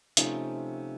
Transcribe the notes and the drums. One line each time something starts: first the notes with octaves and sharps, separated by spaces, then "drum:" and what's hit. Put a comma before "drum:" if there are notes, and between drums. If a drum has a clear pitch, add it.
C3 F3 A3 C#4 D#4, drum: hi-hat